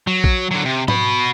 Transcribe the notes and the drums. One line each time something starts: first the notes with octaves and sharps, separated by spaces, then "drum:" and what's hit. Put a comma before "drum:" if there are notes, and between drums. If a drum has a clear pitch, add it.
F#3
drum: kick A#1
D3 F#3
C3
F#4 B5, drum: tom G#2